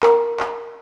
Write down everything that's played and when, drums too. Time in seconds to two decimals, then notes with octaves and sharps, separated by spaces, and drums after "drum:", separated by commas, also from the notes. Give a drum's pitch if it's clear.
0.03 A#4, drum: clap
0.40 drum: clap